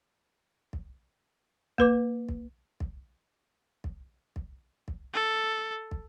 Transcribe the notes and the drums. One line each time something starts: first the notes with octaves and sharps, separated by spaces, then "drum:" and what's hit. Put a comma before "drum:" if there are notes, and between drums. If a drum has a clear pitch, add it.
drum: kick
A#3 B4 D6, drum: kick
drum: kick
drum: kick
drum: kick
drum: kick
drum: kick
A4
drum: kick